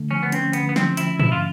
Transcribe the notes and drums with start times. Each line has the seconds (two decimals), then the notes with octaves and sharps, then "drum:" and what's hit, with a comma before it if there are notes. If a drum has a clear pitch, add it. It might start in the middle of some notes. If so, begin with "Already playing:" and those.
Already playing: D3 A3
0.11 F3 C#4
0.23 B3
0.32 C4 C#4, drum: hi-hat
0.53 D3 B3, drum: hi-hat
0.69 B3
0.76 F3 C4, drum: snare
0.97 F3 E4, drum: hi-hat
1.20 D3 E4, drum: tom
1.32 F4